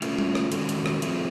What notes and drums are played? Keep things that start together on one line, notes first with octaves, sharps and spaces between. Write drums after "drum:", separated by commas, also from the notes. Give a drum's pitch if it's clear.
A3 C#4 F4 A4, drum: hi-hat
drum: tom G3
drum: rim click
D#3 G#3 C#4 F#4 A4, drum: hi-hat
drum: hi-hat
drum: rim click
F3 A3 C4 F4 G#4, drum: hi-hat